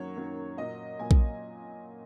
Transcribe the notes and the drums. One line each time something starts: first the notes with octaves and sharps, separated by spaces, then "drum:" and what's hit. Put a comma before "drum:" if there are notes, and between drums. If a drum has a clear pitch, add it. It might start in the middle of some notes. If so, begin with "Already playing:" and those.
Already playing: F#2 D#3 F#3 A#3 C#5
F#2 D#3 F#3 A#3
A#2 F#3 A#3 D#5
A#2 F#3 A#3 G#5
drum: kick A#1